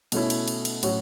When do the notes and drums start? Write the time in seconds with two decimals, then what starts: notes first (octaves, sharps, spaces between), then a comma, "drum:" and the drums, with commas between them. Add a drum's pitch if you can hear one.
0.12 B2 A3 C#4 E4, drum: cymbal
0.30 drum: cymbal
0.48 drum: cymbal
0.65 drum: cymbal
0.83 A2 F#3 C#4 F#4, drum: cymbal